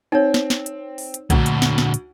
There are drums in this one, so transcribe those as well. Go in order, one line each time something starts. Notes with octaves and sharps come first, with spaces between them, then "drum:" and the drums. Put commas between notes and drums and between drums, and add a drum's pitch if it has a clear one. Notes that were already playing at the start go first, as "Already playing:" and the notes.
C4 D#4 C#5
drum: snare
drum: snare
drum: hi-hat
drum: open hi-hat
drum: hi-hat
D2 A#2 D3, drum: kick B1, hi-hat
drum: hi-hat
drum: snare
drum: snare
drum: hi-hat